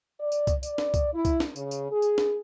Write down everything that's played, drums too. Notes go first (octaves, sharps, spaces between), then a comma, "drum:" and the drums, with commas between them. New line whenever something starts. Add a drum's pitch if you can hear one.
D5
drum: tambourine
drum: kick C2, tambourine
D5, drum: tambourine
drum: snare
drum: kick C2, tambourine
E4
drum: kick C2, tambourine
drum: snare
C#3, drum: tambourine
drum: tambourine
G#4
drum: tambourine
drum: snare